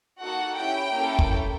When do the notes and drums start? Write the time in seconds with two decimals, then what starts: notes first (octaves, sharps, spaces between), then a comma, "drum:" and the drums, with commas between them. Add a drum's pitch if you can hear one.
0.19 A#3 D#4 F#4 A4 F#5
0.57 C#4 E4 G4 G5
0.94 A#3 C#4 E4 A4
1.19 drum: kick